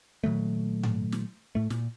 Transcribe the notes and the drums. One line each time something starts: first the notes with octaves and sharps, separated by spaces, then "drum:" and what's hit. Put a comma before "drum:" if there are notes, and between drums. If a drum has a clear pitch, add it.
A#2 D#3 F#3 A3
drum: tom G#2
drum: snare
A2 A3
A#2, drum: snare